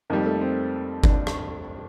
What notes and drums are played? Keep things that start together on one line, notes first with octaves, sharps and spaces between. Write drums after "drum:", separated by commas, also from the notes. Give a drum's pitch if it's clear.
F2 D#3 G3 A#3
A3
C4
D4, drum: kick G1
drum: rim click